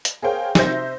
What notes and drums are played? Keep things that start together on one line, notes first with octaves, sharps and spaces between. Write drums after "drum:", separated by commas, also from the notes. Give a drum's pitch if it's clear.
drum: hi-hat
G#4 A#4 C5 C#5 F5 G5
C3 D#4 C5 E5 G6 A#6, drum: snare